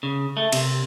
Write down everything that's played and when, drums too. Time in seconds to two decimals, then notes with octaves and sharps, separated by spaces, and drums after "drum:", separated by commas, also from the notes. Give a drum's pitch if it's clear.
0.03 C#3
0.37 A3
0.52 C3, drum: cymbal